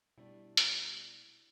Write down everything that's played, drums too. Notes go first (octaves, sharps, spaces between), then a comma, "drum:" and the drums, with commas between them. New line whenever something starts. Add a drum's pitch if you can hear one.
B2 G3 A3 D4 E4
drum: hi-hat